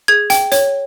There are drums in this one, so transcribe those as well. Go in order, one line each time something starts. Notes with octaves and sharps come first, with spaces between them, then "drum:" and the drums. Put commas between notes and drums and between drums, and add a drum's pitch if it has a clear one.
G#4 G#6
G5, drum: hi-hat
C#5, drum: hi-hat